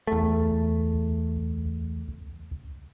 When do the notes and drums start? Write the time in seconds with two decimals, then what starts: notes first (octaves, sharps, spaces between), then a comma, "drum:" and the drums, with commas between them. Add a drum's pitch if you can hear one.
0.07 E2 A3
0.22 drum: kick C2
0.51 drum: kick C2
0.94 drum: kick C2
1.37 drum: kick C2
1.65 drum: kick C2
2.08 drum: kick C2
2.51 drum: kick C2